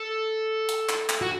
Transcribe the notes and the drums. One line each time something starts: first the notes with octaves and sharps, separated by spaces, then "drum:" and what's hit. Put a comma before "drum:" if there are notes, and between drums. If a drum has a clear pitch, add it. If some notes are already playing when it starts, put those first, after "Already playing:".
Already playing: A4
drum: hi-hat
drum: clap
drum: clap
F#4